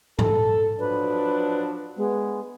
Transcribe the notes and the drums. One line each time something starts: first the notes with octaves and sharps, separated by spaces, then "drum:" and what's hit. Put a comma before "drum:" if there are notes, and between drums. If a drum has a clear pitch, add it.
A4, drum: tom G#2
F3 F#3 D4 B4
G#3 B3